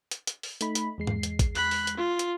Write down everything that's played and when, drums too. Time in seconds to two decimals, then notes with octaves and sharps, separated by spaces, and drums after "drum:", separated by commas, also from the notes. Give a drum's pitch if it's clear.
0.11 drum: hi-hat
0.27 drum: hi-hat
0.43 drum: open hi-hat
0.61 A3 D#4 B5, drum: hi-hat
0.75 drum: hi-hat
0.98 E2 G#3 C7
1.07 drum: tom G#2
1.23 drum: hi-hat
1.39 drum: kick, hi-hat
1.55 B5 F#6, drum: open hi-hat
1.71 drum: open hi-hat
1.87 drum: hi-hat
1.97 F4
2.19 drum: hi-hat